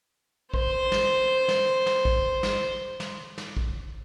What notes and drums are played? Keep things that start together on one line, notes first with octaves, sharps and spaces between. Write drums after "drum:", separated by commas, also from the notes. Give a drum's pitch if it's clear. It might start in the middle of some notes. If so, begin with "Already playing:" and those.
C5, drum: kick
drum: snare
drum: snare
drum: snare
drum: kick
drum: snare
drum: snare
drum: snare
drum: kick